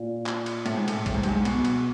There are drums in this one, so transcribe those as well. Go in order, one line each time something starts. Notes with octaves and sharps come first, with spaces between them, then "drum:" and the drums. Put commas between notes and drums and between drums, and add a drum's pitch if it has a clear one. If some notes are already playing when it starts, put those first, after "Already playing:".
Already playing: A#2
drum: clap
drum: cymbal
A2, drum: cymbal
G#2
A2, drum: cymbal
A2, drum: kick C2, cymbal
G#2
G2, drum: cymbal
G#2
B2, drum: cymbal
drum: cymbal